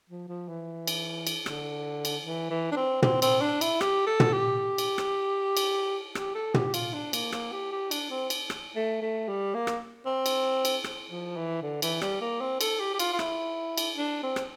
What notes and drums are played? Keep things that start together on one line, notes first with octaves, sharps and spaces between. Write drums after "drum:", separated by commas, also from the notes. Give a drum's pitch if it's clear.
F3
F3
E3
drum: cymbal
drum: cymbal
D3, drum: rim click
drum: cymbal
E3
E3
D4
C4
C4, drum: tom
C4, drum: cymbal
D4
E4, drum: cymbal
G4, drum: rim click
A4
drum: tom
G4
drum: cymbal
drum: rim click
drum: cymbal
G4, drum: rim click
A4
G4, drum: tom
F4, drum: cymbal
D4
A#3, drum: cymbal
A#3, drum: rim click
G4
G4
D4, drum: cymbal
C4
drum: cymbal
drum: rim click
A3
A3
G3
A#3
drum: rim click
C4
drum: cymbal
drum: cymbal
drum: rim click
F3
E3
D3
E3, drum: cymbal
G3, drum: rim click
A#3
C4
A4, drum: cymbal
G4
G4
F4, drum: cymbal
F4
E4, drum: rim click
drum: cymbal
D4
C4
drum: rim click